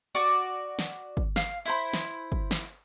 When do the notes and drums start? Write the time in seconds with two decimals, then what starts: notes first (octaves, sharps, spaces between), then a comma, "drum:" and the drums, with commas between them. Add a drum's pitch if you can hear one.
0.15 F#4 D5 D6
0.79 drum: snare
1.17 drum: kick
1.36 F5, drum: snare
1.66 E4 C5 B5
1.93 drum: snare
2.32 drum: kick
2.51 drum: snare